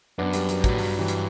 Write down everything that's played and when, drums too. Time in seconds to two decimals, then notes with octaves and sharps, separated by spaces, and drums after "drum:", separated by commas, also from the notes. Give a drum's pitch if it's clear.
0.18 F#2 B3 D4
0.33 G3 B3, drum: hi-hat
0.49 F#3, drum: hi-hat
0.64 A2 F#3, drum: kick, hi-hat
0.78 G2 F#3, drum: open hi-hat
0.99 E3 G3
1.08 drum: hi-hat